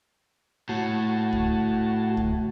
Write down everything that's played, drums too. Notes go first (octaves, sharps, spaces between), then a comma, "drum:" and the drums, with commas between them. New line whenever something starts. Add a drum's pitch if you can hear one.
A2 F#4 A5
drum: kick
drum: kick